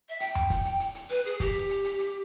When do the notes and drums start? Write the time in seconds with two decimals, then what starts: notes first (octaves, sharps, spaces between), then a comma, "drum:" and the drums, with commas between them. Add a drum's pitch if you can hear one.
0.09 E5
0.20 G5, drum: hi-hat
0.35 drum: tom F2
0.50 drum: kick, hi-hat
0.65 drum: hi-hat
0.80 drum: hi-hat
0.95 drum: hi-hat
1.10 B4, drum: hi-hat
1.25 G#4
1.40 G4, drum: kick, hi-hat
1.54 drum: hi-hat
1.69 drum: hi-hat
1.84 drum: hi-hat
1.99 drum: hi-hat